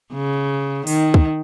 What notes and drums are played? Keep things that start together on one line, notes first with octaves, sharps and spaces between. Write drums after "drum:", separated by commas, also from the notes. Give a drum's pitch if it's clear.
C#3
D#3, drum: open hi-hat
drum: kick